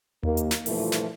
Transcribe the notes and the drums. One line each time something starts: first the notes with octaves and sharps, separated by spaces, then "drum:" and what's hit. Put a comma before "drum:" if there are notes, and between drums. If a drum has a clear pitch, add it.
D#2 A#3, drum: tom D#2
drum: hi-hat
drum: snare
G2 A#2 E3 F3 A3, drum: open hi-hat
drum: snare